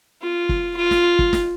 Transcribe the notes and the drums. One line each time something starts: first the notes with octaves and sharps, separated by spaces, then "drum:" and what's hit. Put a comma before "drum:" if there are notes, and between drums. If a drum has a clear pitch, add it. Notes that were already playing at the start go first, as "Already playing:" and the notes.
F4
drum: kick
F4
drum: snare
drum: kick
drum: snare